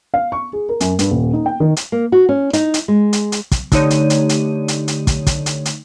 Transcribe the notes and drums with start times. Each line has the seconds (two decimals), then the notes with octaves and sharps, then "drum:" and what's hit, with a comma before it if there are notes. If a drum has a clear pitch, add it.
0.14 F5
0.32 C#6
0.53 G#4
0.69 A#4
0.80 F#2, drum: hi-hat
0.99 G2, drum: hi-hat
1.10 D#1
1.33 D#4
1.46 G5
1.60 D#3
1.77 drum: hi-hat
1.92 A#3
2.12 F#4
2.29 C#4
2.53 D#4, drum: hi-hat
2.74 drum: hi-hat
2.88 G#3
3.13 drum: hi-hat
3.32 drum: hi-hat
3.52 drum: kick, hi-hat
3.72 D3 A3 D#4 G4 C#5 D#7, drum: kick, hi-hat
3.90 drum: hi-hat
4.10 drum: hi-hat
4.29 drum: hi-hat
4.68 drum: hi-hat
4.88 drum: hi-hat
5.07 drum: kick, hi-hat
5.27 drum: kick, hi-hat
5.46 drum: hi-hat
5.65 drum: hi-hat